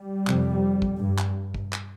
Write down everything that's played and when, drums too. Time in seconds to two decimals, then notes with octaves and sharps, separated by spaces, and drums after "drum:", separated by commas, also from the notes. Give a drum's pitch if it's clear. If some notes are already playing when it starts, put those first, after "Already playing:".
Already playing: G3
0.27 F2 C3, drum: clap
0.82 drum: kick
0.99 G2
1.18 drum: clap
1.54 drum: kick
1.73 drum: clap